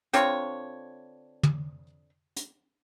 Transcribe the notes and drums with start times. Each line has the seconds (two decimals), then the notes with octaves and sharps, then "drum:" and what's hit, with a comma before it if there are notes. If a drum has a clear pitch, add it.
0.13 D3 C4 F4 C#5, drum: hi-hat
1.43 drum: tom
2.36 drum: hi-hat